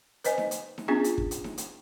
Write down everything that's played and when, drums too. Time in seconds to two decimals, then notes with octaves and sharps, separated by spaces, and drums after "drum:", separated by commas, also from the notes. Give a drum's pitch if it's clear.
0.24 B4 C5 D#5 G#5, drum: hi-hat
0.38 drum: snare D#4
0.51 drum: hi-hat
0.78 drum: snare D#4
0.88 B3 C#4 D4 F4 G#4
1.04 drum: hi-hat
1.18 drum: kick
1.31 drum: hi-hat
1.44 drum: snare D#4
1.58 drum: hi-hat